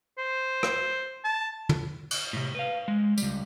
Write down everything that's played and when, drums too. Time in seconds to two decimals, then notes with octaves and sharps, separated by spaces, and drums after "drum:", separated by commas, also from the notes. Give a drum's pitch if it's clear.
0.18 C5
0.63 drum: rim click
1.24 A5
1.69 drum: tom
2.11 drum: cymbal
2.33 A2 C3
2.55 B4 F5
2.88 G#3
3.18 C#2 G3, drum: tambourine